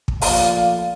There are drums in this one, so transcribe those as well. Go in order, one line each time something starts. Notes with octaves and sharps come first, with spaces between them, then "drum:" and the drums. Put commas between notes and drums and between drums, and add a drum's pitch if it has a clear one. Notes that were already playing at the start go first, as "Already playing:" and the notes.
drum: kick
A#2 F3 A3 D5 F5, drum: open hi-hat